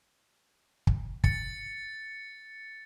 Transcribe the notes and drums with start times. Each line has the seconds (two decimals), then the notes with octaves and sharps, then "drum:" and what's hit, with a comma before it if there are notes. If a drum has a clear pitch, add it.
0.87 drum: kick
1.24 A6 C#7, drum: kick